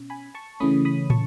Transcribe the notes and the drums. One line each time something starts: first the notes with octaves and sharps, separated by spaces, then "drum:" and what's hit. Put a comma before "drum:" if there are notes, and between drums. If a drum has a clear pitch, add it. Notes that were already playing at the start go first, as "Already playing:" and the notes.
Already playing: B2 C#4
G#5 B5
A5 C#6
C#3 E3 A3 C#4 B5 D#6
B5 D#6
A5 C#6, drum: tom